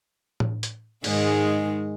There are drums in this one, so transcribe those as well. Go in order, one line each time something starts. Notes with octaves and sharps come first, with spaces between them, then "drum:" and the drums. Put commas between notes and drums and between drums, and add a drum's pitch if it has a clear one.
drum: tom A2
drum: hi-hat
G#2 D#3 G#3, drum: open hi-hat